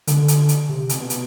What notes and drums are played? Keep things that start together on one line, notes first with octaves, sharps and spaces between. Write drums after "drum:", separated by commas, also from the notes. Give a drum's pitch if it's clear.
D3, drum: hi-hat
drum: hi-hat
drum: hi-hat
C3
drum: hi-hat
B2
drum: hi-hat